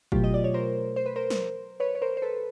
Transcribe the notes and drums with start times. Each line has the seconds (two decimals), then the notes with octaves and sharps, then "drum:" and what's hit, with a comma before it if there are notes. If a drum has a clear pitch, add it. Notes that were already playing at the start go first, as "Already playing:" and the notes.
0.12 B2 F#3 A3 F4 G4, drum: kick
0.24 D#5
0.34 D5
0.44 C#5
0.54 A#4 C5
0.96 C5
1.06 B4
1.16 A#4 C5
1.30 drum: snare
1.80 B4 C#5
1.95 C#5
2.02 A#4 C5
2.17 C5
2.22 A4 B4